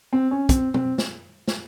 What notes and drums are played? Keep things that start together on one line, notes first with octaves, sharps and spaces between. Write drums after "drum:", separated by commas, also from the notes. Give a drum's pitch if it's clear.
C4
C#4
C4, drum: kick, hi-hat
C4, drum: tom B2
drum: snare
drum: snare